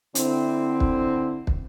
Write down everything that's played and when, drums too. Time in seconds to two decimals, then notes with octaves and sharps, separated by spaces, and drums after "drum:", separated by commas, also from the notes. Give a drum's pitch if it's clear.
0.15 D3 C4 E4, drum: hi-hat
0.80 drum: kick
1.47 drum: kick